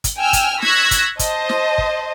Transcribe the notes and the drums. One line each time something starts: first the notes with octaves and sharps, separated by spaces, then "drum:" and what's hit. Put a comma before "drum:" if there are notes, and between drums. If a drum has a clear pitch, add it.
drum: kick, hi-hat
G5 G#5 E6 F6
drum: kick, hi-hat
C#6 E6 F#6 G#6 A#6 B6, drum: snare
drum: kick, hi-hat
C5 D#5 A5, drum: kick, hi-hat
drum: snare
drum: kick